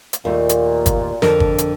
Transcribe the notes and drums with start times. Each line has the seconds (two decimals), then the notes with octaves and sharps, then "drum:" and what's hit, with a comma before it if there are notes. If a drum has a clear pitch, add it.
0.13 drum: hi-hat
0.25 D#2 A#2 A3
0.49 drum: hi-hat
0.86 drum: kick G1, hi-hat
1.22 F2 D3 A#4, drum: snare
1.40 drum: kick G1
1.58 drum: hi-hat